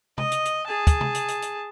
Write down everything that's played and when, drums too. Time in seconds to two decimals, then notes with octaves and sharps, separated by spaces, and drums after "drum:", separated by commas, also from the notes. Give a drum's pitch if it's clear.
0.18 D#5, drum: tom C3
0.32 drum: hi-hat
0.45 drum: hi-hat
0.66 G#4 A5
0.87 drum: kick, hi-hat
1.01 drum: tom C3
1.15 drum: hi-hat
1.28 drum: hi-hat
1.42 drum: hi-hat